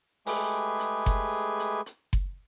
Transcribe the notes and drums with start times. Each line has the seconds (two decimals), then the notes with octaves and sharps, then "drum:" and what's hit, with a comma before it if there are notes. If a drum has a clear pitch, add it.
0.26 G#3 A3 G4 G#4 B4 G#5, drum: open hi-hat
0.80 drum: hi-hat
1.06 drum: kick F#1, hi-hat
1.60 drum: hi-hat
1.86 drum: hi-hat
2.13 drum: kick F#1